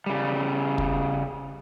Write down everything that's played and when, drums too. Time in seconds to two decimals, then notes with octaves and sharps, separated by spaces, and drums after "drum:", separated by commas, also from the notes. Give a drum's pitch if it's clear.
0.06 C#3 G3
0.78 drum: kick